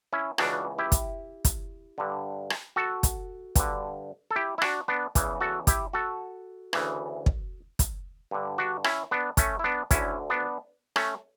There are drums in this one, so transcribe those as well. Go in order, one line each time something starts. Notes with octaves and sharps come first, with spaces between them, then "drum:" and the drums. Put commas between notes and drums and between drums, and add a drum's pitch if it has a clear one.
C#4 E4
C#2 C#3 E3 D4 F#4, drum: rim click
E4 G4
drum: kick, hi-hat
drum: kick, hi-hat
G2 D3
drum: rim click
F#4 A4
drum: kick, hi-hat
G2 D3, drum: kick, hi-hat
A4
E4 G4
E4
D4 F#4, drum: rim click
B3 D4
E2 C#3 E3, drum: kick, hi-hat
F#4 A4
E4 G4, drum: kick, hi-hat
F#4 A4
D2 C#3 E3, drum: rim click
drum: kick
drum: kick, hi-hat
G2 D3
D4 F#4
C#4 E4, drum: rim click
B3 D4
A3 C#4, drum: kick, hi-hat
E4
B3 D4
D2 D3 C#4 E4, drum: kick, hi-hat
B3 D4
A3 C#4, drum: rim click